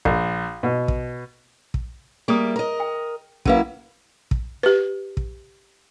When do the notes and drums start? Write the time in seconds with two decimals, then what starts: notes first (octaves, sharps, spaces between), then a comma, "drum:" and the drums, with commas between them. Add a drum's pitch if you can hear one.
0.05 A#1, drum: kick
0.63 B2
0.88 drum: kick
1.74 drum: kick
2.28 G3 A#3 G#4 E5 D#6
2.56 A#4 D#5
2.80 G5
3.45 F#3 A#3 C#4 E4 B4 F5, drum: kick
4.31 drum: kick
4.63 G4 B4
5.17 drum: kick